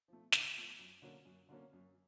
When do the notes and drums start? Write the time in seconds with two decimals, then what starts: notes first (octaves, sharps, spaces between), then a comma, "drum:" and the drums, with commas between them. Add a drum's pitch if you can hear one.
0.08 F3 A3
0.32 D3, drum: snare
0.56 F3 A3
0.79 F#2
1.02 D3 F#3 A#3 C#4
1.25 F#2
1.49 D3 F#3 A#3 C#4
1.73 F#2